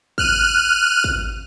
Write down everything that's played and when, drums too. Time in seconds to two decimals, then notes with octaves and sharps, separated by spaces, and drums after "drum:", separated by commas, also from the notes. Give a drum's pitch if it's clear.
0.18 F6 F#6 D#7, drum: kick
1.04 drum: kick